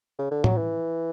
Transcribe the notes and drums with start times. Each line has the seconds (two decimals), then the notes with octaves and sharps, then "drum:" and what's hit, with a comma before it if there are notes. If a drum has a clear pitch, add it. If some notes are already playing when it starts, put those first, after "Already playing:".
0.19 C#3
0.31 D3
0.44 F#3, drum: tom A2
0.57 E3